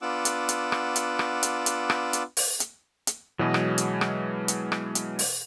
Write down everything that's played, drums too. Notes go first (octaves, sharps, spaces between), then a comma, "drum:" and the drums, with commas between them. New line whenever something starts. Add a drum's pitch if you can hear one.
B3 D4 F4 F#5 D6 E6
drum: hi-hat
drum: hi-hat
drum: rim click
drum: hi-hat
drum: rim click
drum: hi-hat
drum: hi-hat
drum: rim click
drum: hi-hat
drum: open hi-hat
drum: hi-hat
drum: hi-hat
B2 E3 F#3 G#3 D#5
drum: rim click
drum: hi-hat
drum: rim click
drum: hi-hat
drum: rim click
drum: hi-hat
drum: open hi-hat